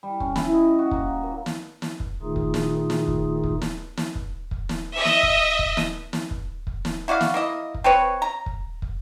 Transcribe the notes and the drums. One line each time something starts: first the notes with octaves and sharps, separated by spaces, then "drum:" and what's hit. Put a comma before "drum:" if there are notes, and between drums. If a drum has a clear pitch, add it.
G3
C#4, drum: kick
E4, drum: snare
D#5
F#4
A#3, drum: kick
A#2
drum: snare
drum: snare
drum: kick
A#2 D#3 A3 D#4 F4 G#4
drum: kick
drum: snare
drum: snare
drum: kick
drum: kick
drum: snare
drum: snare
drum: kick
drum: kick
drum: snare
D#5 E5
drum: snare
drum: kick
drum: kick
drum: snare
drum: snare
drum: kick
drum: kick
drum: snare
E4 F#4 D5 F5
drum: snare
A#3 E4 D#5
drum: kick
C4 B4 C#5
A#5
drum: kick
drum: kick